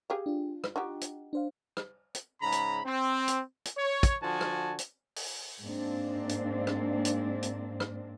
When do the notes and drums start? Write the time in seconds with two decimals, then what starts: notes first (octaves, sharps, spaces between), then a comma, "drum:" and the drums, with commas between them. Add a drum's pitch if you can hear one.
0.10 G4 G#4 F5
0.26 D4 F4
0.64 drum: rim click
0.76 D#4 F#4 G4
1.01 drum: hi-hat
1.33 D4 C5 F5
1.77 drum: rim click
2.15 drum: hi-hat
2.42 G#2 C#3 A#5 B5
2.52 drum: hi-hat
2.85 C4
3.28 drum: hi-hat
3.65 drum: hi-hat
3.77 C#5
4.03 drum: kick, hi-hat
4.22 D3 F3 F#4 G#5 A5
4.41 drum: rim click
4.79 drum: hi-hat
5.16 drum: open hi-hat
5.62 G#2 A#3 C4 D4
6.29 drum: hi-hat
6.67 drum: rim click
7.05 drum: hi-hat
7.43 drum: hi-hat
7.80 drum: rim click